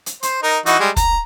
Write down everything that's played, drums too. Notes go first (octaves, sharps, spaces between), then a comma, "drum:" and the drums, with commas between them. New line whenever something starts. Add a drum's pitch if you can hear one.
drum: hi-hat
C5, drum: hi-hat
D#4 A#4
E3 D#4 F#4, drum: hi-hat
G3 G#3
A#5, drum: kick, hi-hat